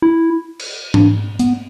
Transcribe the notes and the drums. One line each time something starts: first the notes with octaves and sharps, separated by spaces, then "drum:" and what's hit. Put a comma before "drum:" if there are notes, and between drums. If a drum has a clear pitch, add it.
E4
drum: cymbal
D4, drum: tom G#2
B3, drum: hi-hat